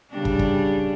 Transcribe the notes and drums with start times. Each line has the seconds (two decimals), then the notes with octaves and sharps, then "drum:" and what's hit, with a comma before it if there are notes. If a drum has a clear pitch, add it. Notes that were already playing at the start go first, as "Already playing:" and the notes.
0.11 C#3 G3 D4
0.25 drum: kick
0.39 drum: kick